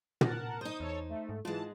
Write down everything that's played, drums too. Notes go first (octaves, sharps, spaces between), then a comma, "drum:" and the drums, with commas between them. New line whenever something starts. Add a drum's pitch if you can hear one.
A#4 F#5 A5, drum: tom
D#4 C5 D#6 G6
E2 A4 C#5
A3
G#2
G#2 E3 G#3 F4 A5